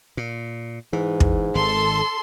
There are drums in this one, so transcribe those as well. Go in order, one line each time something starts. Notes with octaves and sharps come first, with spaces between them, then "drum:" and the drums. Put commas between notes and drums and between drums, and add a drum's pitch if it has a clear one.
A#2
G#2 E3
drum: kick
G#1 D#3 A4 C6